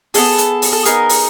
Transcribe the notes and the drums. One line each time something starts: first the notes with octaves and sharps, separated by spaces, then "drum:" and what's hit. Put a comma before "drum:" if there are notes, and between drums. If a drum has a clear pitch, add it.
B3 D#4 G#4 A4, drum: open hi-hat
drum: hi-hat
drum: open hi-hat
A4
B3 D#4 G#4 A#4, drum: hi-hat
drum: open hi-hat